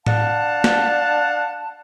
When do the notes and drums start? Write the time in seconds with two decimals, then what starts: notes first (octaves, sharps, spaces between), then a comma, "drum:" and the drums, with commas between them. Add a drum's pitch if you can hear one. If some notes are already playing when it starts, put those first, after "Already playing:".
0.06 D4 F5 F#5 A5, drum: tom A2
0.64 drum: snare